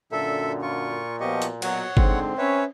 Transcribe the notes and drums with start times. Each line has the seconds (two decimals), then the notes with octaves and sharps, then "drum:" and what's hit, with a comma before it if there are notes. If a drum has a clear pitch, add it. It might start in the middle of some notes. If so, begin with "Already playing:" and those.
0.12 F#2 A#2 D3 A4 E5
0.62 F4 C#6
1.20 B2 F3 G4 D#5 C#6
1.42 drum: hi-hat
1.62 B2 F#3 C#5 F#5, drum: cymbal
1.97 G#2 D3 C4, drum: kick G1
2.38 C#4 B4 C#5 E5